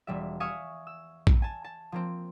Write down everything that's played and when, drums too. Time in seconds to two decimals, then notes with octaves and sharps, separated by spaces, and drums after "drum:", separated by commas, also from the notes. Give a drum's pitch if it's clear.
0.07 E1 G3 E5
0.40 E5 F5 G#5 C#6 D#6
0.87 E6
1.27 drum: kick A#1
1.42 G#5 A5
1.64 A5
1.92 F3 A#3 C4